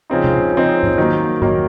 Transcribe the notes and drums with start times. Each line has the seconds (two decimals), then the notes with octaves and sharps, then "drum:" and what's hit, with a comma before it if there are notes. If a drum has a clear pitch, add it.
0.10 C#3 F3 C4 D#4
0.24 drum: tom C3
0.53 C#3 F3 C4 D#4
0.83 drum: tom G#2
0.98 D#3 F#3 A#3
1.42 D#3 F#3 A#3, drum: tom G#2